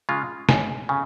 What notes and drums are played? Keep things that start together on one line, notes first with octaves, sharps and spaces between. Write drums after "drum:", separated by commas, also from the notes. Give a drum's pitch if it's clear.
C#3 G#3 F4
C#2 G#5, drum: snare
C#3 G#5